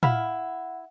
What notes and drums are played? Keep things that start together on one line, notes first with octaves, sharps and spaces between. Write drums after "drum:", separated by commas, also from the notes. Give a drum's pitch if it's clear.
E4 F5 F#5 B5 F6, drum: tom